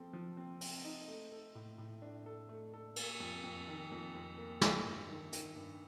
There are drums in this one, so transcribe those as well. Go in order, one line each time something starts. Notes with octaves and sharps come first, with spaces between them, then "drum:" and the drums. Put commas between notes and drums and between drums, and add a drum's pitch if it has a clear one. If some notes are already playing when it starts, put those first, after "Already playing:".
Already playing: F3 C4 A4
F3
C4
C4, drum: open hi-hat
D#4
A3
A4
A2
A2
D4
A4
A3
A4
A#3, drum: cymbal
F2
F2
D#3
F2
F2
A#3
A#3, drum: snare
G2
D#3
D#3, drum: hi-hat
G2